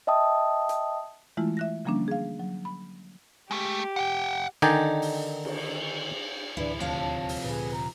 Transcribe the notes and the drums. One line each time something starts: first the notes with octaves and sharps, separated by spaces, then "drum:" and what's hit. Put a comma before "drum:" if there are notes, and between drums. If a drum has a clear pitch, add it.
D#5 E5 G5 A5 D#6
drum: hi-hat
E3 G#3 A3 E4 F4
E5 F#6 A#6
D3 F3 G3 A#3 C#4 D4
G#4 F5
F#3
B5
G#3 A3 G4
F#5 G5
D3 D#3 D#4 D5 G5 G#5, drum: cymbal
drum: open hi-hat
drum: cymbal
D2 A2 E3 D4 E4 B4 D5
D#1 D2 C3 F3 C#5 F5 A5
drum: open hi-hat
D2 A#2 D3 G#4 B4
A#5